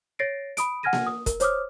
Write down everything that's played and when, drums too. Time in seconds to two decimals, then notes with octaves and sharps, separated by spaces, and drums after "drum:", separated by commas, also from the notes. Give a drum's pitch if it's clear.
0.19 C#5 A6 A#6 C7 D7
0.57 B5 D#6 D7, drum: hi-hat
0.83 F#5 G#5 F6 G#6 A#6 D#7
0.93 drum: snare A#3
1.06 D#6
1.26 A#4, drum: kick, hi-hat
1.40 C5 C#5 D6 D#6 F6, drum: hi-hat